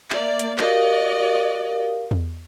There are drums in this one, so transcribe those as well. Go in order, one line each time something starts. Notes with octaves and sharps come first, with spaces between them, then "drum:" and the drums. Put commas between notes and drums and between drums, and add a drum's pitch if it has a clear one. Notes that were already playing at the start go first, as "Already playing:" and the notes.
A#3 D5 E5, drum: clap
drum: hi-hat
F#4 G4 A#4 D5 D#5 F5, drum: clap
drum: tom E2